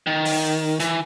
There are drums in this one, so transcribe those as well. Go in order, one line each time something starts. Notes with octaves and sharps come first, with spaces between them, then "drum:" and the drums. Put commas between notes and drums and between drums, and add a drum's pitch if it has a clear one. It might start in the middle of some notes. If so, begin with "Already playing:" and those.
D#3
drum: open hi-hat
E3, drum: hi-hat